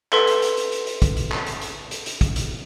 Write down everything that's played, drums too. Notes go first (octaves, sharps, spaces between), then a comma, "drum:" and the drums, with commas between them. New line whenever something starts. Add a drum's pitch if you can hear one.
A4 B4 C6 B6, drum: clap
drum: hi-hat
drum: hi-hat
drum: hi-hat
drum: hi-hat
drum: hi-hat
drum: kick, hi-hat
drum: hi-hat
drum: clap
drum: hi-hat
drum: hi-hat
drum: hi-hat
drum: hi-hat
drum: kick, hi-hat
drum: hi-hat